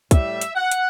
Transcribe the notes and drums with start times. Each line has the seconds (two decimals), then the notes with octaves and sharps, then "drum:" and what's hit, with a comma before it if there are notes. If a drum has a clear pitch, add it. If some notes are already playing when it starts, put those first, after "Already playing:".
0.11 A2 G3 E5, drum: kick, hi-hat
0.41 drum: hi-hat
0.56 F#5
0.71 drum: hi-hat